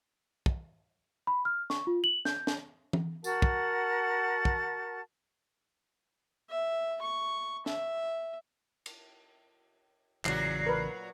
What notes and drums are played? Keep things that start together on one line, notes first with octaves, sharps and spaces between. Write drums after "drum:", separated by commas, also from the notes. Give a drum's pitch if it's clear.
drum: kick
B5
F6
C#6, drum: snare
F4
F#7
G6, drum: snare
drum: snare
drum: tom
F#4 A#4 F#5 A5, drum: tambourine
drum: kick
drum: kick
E5
C#6
E5, drum: snare
drum: cymbal
A1 A#2 C#3 E3 F#3 F#4 C7, drum: clap
A#4 B4